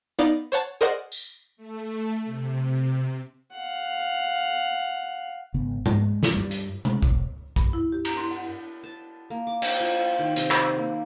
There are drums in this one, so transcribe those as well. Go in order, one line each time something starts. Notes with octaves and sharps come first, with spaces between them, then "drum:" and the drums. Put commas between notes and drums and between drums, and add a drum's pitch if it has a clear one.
B3 D#4 D5 F5
C5 C#5 F#5 A5
G#4 A#4 C5 D5 D#5 F#5
drum: tambourine
A3
C3
F5 F#5
G#1 C#3 B3
G#3, drum: tom G#2
drum: snare
G2 G3
drum: hi-hat
C#3 G#3, drum: tom C#3
E1, drum: kick A#1
G2, drum: kick A#1
E4
G4
A#5, drum: cymbal
C6
F#5
A5
A#3
D6
C5, drum: cymbal
F4
D#3
C3, drum: hi-hat
drum: clap
A#3